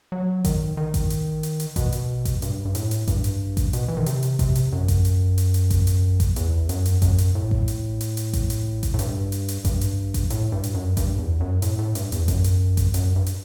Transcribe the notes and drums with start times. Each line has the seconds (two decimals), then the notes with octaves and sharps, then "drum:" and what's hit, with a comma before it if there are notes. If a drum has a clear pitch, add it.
0.12 F#3
0.45 D#3, drum: kick A1, hi-hat
0.77 D#3
0.94 drum: kick A1, hi-hat
1.10 drum: hi-hat
1.43 drum: hi-hat
1.60 drum: hi-hat
1.76 B2, drum: kick A1, hi-hat
1.92 drum: hi-hat
2.25 drum: kick A1, hi-hat
2.42 G2, drum: hi-hat
2.65 G2
2.75 A2, drum: hi-hat
2.91 drum: hi-hat
3.08 G2, drum: kick A1, hi-hat
3.24 drum: hi-hat
3.57 drum: kick A1, hi-hat
3.73 B2, drum: hi-hat
3.88 E3
3.97 D#3
4.06 C3, drum: hi-hat
4.23 drum: hi-hat
4.39 C3, drum: kick A1, hi-hat
4.55 drum: hi-hat
4.72 F#2
4.88 drum: kick A1, hi-hat
5.05 drum: hi-hat
5.38 drum: hi-hat
5.54 drum: hi-hat
5.70 drum: kick A1, hi-hat
5.87 drum: hi-hat
6.20 drum: kick A1, hi-hat
6.36 E2, drum: hi-hat
6.69 F#2, drum: hi-hat
6.86 drum: hi-hat
7.02 F#2, drum: kick A1, hi-hat
7.18 drum: hi-hat
7.35 A2
7.51 drum: kick A1
7.68 drum: hi-hat
8.01 drum: hi-hat
8.17 drum: hi-hat
8.33 drum: kick A1, hi-hat
8.50 drum: hi-hat
8.83 drum: kick A1, hi-hat
8.94 A2
8.99 G2, drum: hi-hat
9.32 drum: hi-hat
9.48 drum: hi-hat
9.65 G2, drum: kick A1, hi-hat
9.81 drum: hi-hat
10.14 drum: kick A1, hi-hat
10.30 A2, drum: hi-hat
10.52 G2
10.64 drum: hi-hat
10.74 F#2
10.97 G2, drum: kick A1, hi-hat
11.18 E2
11.40 F#2
11.62 A2, drum: hi-hat
11.79 A2
11.95 G2, drum: hi-hat
12.12 E2, drum: hi-hat
12.28 F#2, drum: kick A1, hi-hat
12.44 drum: hi-hat
12.77 drum: kick A1, hi-hat
12.94 F#2, drum: hi-hat
13.16 G2
13.26 drum: hi-hat